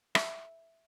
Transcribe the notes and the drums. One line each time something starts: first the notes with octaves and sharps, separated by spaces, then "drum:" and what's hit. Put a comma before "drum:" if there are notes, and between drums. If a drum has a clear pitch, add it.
E5, drum: rim click